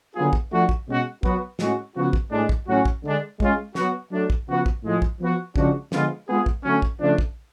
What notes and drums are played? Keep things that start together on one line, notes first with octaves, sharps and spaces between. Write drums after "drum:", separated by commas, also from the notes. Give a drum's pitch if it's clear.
D3 F#3 B3 F4 G#4
drum: kick
F3 A3 D4 F#4
drum: kick
B2 G#3 C#4 F#4
F#3 B3 F#4, drum: kick
A2 G#3 C#4 F#4, drum: snare
C#3 F3 B3 F#4
drum: kick
A2 G#3 D4
drum: kick
A2 F#3 C#4 F#4
drum: kick
D3 G#3 D4
G#3 C#4 F4, drum: kick
F#3 B3 F#4, drum: snare
F#3 A3 D4
drum: kick
C#3 F3 B3 F#4
drum: kick
A2 F3 G#3
drum: kick
F3 B3 F#4
C#3 F3 G#3 D4 F#4, drum: kick
D3 F3 G#3 B3 F4, drum: snare
G#3 B3 F4 G#4
drum: kick
D3 F#3 A3 C#4
drum: kick
C#3 F3 A3 D4
drum: kick